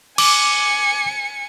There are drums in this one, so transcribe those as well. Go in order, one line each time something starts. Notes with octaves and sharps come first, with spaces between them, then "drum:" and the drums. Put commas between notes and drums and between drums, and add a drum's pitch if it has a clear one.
G#5 D6 C#7, drum: cymbal